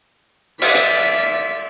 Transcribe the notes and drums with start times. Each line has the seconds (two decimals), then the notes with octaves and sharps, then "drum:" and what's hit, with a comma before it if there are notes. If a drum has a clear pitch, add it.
0.62 D5 E5 B6, drum: cymbal
0.75 drum: hi-hat